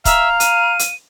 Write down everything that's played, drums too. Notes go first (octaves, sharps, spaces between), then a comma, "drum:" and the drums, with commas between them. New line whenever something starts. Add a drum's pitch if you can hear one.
E5 F5 A#5, drum: kick, hi-hat
D#7, drum: hi-hat
drum: hi-hat